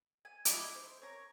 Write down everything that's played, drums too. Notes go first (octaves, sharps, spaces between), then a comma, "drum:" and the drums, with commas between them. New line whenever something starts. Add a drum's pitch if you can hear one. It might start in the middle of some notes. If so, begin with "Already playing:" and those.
G#5
D#4 E4 D6, drum: hi-hat
C5
A#4 C#5